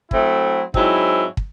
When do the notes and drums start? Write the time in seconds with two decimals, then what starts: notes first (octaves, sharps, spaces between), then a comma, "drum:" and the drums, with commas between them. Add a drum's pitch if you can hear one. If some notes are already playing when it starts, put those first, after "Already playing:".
0.11 F#3 A3 C4 E4, drum: kick
0.74 G#2 F#3 C4 E4, drum: kick
1.37 drum: kick